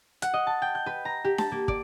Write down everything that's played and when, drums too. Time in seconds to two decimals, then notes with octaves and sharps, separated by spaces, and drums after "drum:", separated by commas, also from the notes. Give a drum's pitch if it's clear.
0.22 F#5, drum: hi-hat
0.34 D#5
0.47 A5
0.62 G5
0.75 G6
0.86 B4
1.05 A#5
1.24 G4
1.38 A5, drum: snare D4
1.52 A#3
1.68 D5, drum: kick